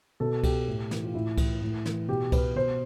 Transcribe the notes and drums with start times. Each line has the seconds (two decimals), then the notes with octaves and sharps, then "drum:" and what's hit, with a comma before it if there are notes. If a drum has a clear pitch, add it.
0.20 B2 A4
0.44 G4, drum: kick C2, cymbal
0.68 A2
0.91 E3, drum: snare
1.04 F4
1.14 A2 E4
1.38 E3, drum: kick C2, cymbal
1.62 A2
1.86 E3, drum: snare
2.08 B2 G4
2.32 B4, drum: kick C2, cymbal
2.55 B2 C5